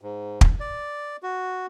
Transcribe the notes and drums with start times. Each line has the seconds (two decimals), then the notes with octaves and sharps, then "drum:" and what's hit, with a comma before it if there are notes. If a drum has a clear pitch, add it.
0.01 G#2
0.41 drum: kick
0.60 D5
1.23 F#4